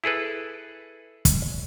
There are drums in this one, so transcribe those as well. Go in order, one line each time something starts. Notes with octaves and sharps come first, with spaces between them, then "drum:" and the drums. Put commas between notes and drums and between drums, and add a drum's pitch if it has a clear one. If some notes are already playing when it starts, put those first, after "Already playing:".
E4 G#4 A4 B4
drum: kick, hi-hat